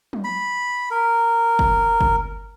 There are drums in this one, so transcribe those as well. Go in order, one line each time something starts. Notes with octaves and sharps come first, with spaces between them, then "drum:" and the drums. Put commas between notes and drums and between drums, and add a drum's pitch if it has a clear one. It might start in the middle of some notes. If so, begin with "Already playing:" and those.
drum: tom
B5
A#4
drum: kick
drum: kick